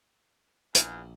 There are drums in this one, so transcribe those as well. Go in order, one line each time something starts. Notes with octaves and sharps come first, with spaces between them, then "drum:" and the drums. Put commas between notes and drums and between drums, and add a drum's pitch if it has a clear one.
A#1 E2, drum: hi-hat